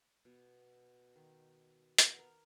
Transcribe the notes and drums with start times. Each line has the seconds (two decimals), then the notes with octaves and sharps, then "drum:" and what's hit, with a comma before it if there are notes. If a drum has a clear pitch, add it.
0.25 B2
1.16 D#3
1.98 B3, drum: hi-hat
2.19 A#4